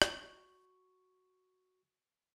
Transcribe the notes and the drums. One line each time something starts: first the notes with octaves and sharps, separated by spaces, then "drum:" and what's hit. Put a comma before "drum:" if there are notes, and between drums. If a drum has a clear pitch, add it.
F#4 C#6, drum: rim click